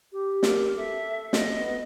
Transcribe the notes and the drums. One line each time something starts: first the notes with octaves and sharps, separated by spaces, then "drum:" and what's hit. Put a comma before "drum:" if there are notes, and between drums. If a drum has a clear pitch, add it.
G4
A#4, drum: snare
A4 E5
D#5, drum: snare
B3